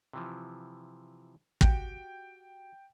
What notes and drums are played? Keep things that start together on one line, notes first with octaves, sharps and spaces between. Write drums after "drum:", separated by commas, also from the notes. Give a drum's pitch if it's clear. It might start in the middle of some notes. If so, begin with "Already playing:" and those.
C3 E3 F3
F#4 G4 G5, drum: kick